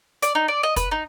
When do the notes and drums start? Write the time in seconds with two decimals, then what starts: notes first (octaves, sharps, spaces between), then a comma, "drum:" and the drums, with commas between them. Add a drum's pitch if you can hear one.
0.22 D5, drum: hi-hat
0.35 D#4
0.48 D5
0.63 D#5
0.76 B4, drum: kick, hi-hat
0.91 D#4